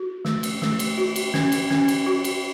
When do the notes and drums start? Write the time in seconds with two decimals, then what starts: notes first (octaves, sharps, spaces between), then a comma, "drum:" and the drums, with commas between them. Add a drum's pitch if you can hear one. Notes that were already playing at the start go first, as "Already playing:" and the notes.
Already playing: F#4
0.25 A3, drum: snare
0.43 drum: cymbal
0.62 A3, drum: snare
0.79 drum: cymbal
0.98 F#4
1.16 drum: cymbal
1.34 C#4, drum: snare
1.52 drum: cymbal
1.71 C#4, drum: snare
1.88 drum: cymbal
2.06 F#4
2.24 drum: cymbal